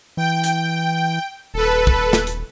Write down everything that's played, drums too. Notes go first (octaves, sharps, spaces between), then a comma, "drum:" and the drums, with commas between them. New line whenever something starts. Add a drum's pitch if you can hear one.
E3 G5
drum: hi-hat
D#1 A4 B4
drum: kick
drum: snare
drum: hi-hat